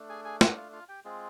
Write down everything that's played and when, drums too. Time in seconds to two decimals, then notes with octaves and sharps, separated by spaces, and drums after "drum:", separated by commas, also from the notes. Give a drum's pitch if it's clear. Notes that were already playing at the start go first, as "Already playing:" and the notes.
Already playing: A3 D4
0.09 G#4 G#5
0.25 G#4 G#5
0.41 F#4 F#5, drum: snare
0.57 F4 F5
0.73 F4 F5
0.89 G4 G5
1.05 G#3 C4 F4 G#4